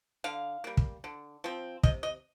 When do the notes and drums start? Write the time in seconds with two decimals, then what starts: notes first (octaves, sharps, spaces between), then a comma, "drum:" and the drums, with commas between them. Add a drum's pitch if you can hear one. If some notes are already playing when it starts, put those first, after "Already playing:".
0.24 D3 F5
0.64 G3 A#3
0.77 drum: kick
1.04 D3
1.44 F3 C4
1.83 C3 D#5, drum: kick
2.03 D#5